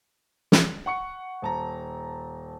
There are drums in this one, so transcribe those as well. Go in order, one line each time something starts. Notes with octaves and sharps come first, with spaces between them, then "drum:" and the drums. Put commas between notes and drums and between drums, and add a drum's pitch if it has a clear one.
drum: snare
F#5 C#6 C#7
D#1 A5 A#5